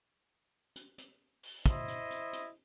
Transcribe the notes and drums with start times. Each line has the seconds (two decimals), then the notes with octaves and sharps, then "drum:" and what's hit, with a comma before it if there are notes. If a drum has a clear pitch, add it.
0.76 drum: hi-hat
0.98 drum: hi-hat
1.43 drum: open hi-hat
1.66 E4 C5 D#5, drum: kick, hi-hat
1.88 drum: hi-hat
2.10 drum: hi-hat
2.33 drum: hi-hat